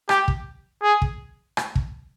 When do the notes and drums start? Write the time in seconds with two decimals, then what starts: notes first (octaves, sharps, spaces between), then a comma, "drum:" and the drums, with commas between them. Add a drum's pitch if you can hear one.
0.09 G4, drum: rim click
0.28 drum: kick
0.83 G#4
1.02 drum: kick
1.57 drum: rim click
1.75 drum: kick